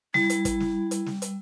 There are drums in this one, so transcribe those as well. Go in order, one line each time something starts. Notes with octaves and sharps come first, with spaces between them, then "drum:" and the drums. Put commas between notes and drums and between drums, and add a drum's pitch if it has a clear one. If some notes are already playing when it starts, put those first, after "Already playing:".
G3 E4, drum: snare
drum: hi-hat
drum: kick, hi-hat
drum: snare
drum: hi-hat
drum: snare
drum: hi-hat